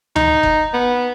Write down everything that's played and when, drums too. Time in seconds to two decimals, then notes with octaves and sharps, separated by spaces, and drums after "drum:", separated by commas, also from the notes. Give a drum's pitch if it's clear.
0.16 D#4, drum: tom D2
0.43 drum: kick F#1
0.73 B3